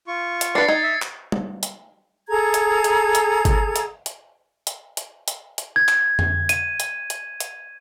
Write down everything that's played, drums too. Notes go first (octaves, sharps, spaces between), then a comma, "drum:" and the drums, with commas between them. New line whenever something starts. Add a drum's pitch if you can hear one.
F4 C#6
drum: hi-hat
D4 B4 A6 C7 C#7
D#4 G#6
E5
drum: clap
drum: tom G3
drum: hi-hat
G#4 A4 A#5 G#6
drum: hi-hat
drum: hi-hat
drum: hi-hat
drum: kick G1, hi-hat
drum: hi-hat
drum: hi-hat
drum: hi-hat
drum: hi-hat
drum: hi-hat
drum: hi-hat
G#6
drum: clap
drum: tom F2
D#7, drum: hi-hat
drum: hi-hat
drum: hi-hat
drum: hi-hat